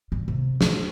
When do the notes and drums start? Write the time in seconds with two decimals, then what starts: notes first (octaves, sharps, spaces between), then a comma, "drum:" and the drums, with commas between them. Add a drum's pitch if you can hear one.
0.12 G2
0.28 C3
0.61 A3, drum: snare